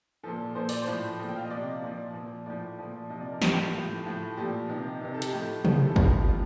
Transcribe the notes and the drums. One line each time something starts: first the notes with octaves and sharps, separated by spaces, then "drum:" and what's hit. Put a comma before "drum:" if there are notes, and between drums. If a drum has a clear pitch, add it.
A#2 F3 A4
A#2 F3 C5
D5, drum: open hi-hat
C5
A2 F3
A#2 F3
G5
F5
D#5
C3 F3 D5
A#2 F3
A#2 F3
A2 F3 D5
A#2 F3
C3 F3 D#5
D5
A#4
A2 F3 G4, drum: snare
A2 F3
A2 F3
A#2 F3 G4
C3 D#3
C3 D#3
A4
G4, drum: hi-hat
A2 F3
A2 F3, drum: tom C3
A4
A2 F3 G4, drum: kick G#1
G4
C3 D#3 F4